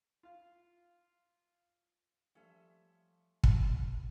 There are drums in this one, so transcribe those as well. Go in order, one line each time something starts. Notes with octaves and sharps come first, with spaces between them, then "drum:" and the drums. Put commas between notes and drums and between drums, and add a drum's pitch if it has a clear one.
F4 F5
F3 G3 A3 C#4 A4 E5
F1 D#2 D#3 A3 A#4 C5, drum: kick